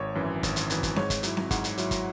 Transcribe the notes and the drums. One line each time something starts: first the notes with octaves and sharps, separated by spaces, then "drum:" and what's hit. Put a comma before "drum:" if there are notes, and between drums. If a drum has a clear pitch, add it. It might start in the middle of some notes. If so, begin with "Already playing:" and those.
Already playing: G#1 C#5
F#2 E3
G#1, drum: kick, hi-hat
drum: hi-hat
F#2 E3, drum: hi-hat
drum: kick, hi-hat
G#2 C#5, drum: snare C4
drum: kick, hi-hat
F#3 E4, drum: hi-hat
drum: snare C4
G#2 F#5, drum: kick, hi-hat
drum: hi-hat
F#3 E4, drum: hi-hat
drum: kick, hi-hat